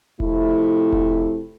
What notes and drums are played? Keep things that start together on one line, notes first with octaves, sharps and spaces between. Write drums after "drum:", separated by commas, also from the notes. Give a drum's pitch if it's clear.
F2 C3 A3 E4, drum: kick E1
drum: kick E1